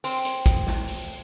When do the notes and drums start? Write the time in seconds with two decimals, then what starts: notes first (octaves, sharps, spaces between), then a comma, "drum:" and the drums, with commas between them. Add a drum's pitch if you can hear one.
0.04 C4, drum: open hi-hat
0.25 drum: hi-hat
0.46 drum: kick, hi-hat
0.67 drum: snare
0.87 drum: open hi-hat